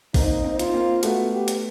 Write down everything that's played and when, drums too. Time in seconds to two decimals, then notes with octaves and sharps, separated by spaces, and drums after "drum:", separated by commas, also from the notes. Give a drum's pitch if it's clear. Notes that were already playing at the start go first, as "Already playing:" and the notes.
0.14 A#3 C4 D#4, drum: kick, open hi-hat
0.44 A#3 C4
0.59 F4, drum: hi-hat
0.74 A#3 C4
1.03 A3 B3 F#4, drum: hi-hat
1.33 G4
1.48 drum: hi-hat